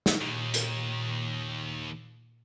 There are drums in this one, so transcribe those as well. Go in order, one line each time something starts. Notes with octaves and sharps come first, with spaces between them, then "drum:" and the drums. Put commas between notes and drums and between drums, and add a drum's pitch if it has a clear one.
drum: snare
D#2 A#2 D#3
drum: hi-hat